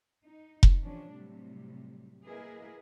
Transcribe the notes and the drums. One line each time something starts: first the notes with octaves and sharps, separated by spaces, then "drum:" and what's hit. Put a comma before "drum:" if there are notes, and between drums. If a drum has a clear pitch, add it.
D#4
drum: kick F1
C3 E3 F3 C#4 D4
A2 C3 F#3 G3
A#3 E4 G#4 A#4 B4 D#5